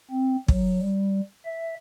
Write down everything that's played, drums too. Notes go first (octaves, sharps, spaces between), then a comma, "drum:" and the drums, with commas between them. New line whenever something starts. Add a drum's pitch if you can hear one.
C4
F#3, drum: kick
G3
E5